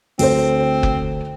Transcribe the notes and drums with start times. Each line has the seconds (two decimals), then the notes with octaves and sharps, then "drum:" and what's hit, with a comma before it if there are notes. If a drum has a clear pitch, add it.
0.19 D2 C4 A4 C5, drum: open hi-hat
0.83 drum: kick F#1